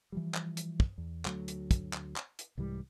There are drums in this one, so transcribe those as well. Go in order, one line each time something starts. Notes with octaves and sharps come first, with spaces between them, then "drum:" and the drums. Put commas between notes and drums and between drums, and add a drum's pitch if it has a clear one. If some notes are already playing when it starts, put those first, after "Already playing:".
E3 F3 G3
drum: clap
drum: hi-hat
drum: kick
E2
D2 F#3 A3, drum: clap
drum: hi-hat
drum: kick, hi-hat
drum: clap
drum: clap
drum: hi-hat
C2 G#2 E3 G3